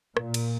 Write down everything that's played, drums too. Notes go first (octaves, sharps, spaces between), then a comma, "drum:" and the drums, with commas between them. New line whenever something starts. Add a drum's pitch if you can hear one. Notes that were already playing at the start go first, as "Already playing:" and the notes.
A#2, drum: rim click
drum: cymbal